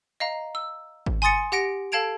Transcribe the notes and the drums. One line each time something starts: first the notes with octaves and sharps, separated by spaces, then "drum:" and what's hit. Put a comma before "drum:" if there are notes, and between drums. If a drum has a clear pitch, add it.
D#5 F5 A#5
E6
drum: kick G#1
G#5 C6 D#6 A6 C#7
G4 F#5 A#6 D7
A4 F5 A5 G#6 D7 F7